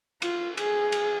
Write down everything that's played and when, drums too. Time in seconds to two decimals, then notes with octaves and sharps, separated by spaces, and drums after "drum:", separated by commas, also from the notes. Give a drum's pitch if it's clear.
0.22 F4, drum: cymbal
0.57 G#4, drum: cymbal
0.92 drum: cymbal